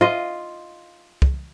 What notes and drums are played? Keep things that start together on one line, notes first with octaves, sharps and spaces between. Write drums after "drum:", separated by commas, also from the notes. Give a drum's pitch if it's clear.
F4 D#5
drum: kick